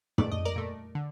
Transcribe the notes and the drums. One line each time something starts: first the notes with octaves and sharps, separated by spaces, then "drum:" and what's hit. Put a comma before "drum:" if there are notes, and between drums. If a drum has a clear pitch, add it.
A#2 A3 D5, drum: tom
D#5
A#4 D5
A#2 A3
D3